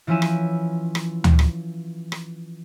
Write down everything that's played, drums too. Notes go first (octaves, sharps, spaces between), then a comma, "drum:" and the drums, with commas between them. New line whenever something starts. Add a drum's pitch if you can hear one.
E3 F3 C#4 E4 G#5 E7
drum: rim click
drum: rim click
drum: tom D2
drum: rim click
drum: rim click